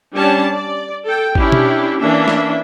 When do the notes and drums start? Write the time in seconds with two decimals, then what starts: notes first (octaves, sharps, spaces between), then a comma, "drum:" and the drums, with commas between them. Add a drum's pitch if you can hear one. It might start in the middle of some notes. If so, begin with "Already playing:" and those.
0.15 G3 C#4 D4 G4 D5 A5
0.52 D5
1.05 A4 G5
1.35 C#4 D4 E4 G4, drum: kick G#1
1.52 drum: tom B2
1.99 E3 A#3 C#4 D4 E5
2.28 drum: snare